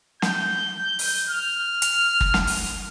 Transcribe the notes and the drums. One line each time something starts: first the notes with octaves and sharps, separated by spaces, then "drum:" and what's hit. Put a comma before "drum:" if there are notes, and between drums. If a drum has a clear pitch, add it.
G6, drum: snare
drum: open hi-hat
F6
drum: hi-hat
drum: kick
drum: snare
drum: open hi-hat